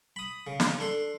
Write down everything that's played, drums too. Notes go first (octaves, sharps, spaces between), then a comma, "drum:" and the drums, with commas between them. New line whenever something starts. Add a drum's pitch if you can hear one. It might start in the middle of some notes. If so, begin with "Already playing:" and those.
B5 D#6
C#3
drum: snare
D4 A4 C6